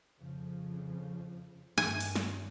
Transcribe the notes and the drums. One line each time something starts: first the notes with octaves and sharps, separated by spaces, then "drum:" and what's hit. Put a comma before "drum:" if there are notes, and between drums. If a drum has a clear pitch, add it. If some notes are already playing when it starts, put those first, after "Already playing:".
F2 C#3 F3
G2 D#3 G#5, drum: hi-hat
drum: open hi-hat
drum: snare